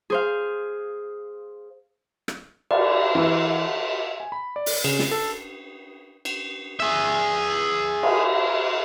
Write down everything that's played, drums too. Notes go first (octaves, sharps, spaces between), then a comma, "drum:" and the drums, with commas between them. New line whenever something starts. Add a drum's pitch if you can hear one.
G#4 C5 F5
drum: rim click
D5, drum: cymbal
E3
G#5
B5
D5
drum: open hi-hat
C#3, drum: cymbal
drum: snare
A4
drum: cymbal
G#4 E5
drum: cymbal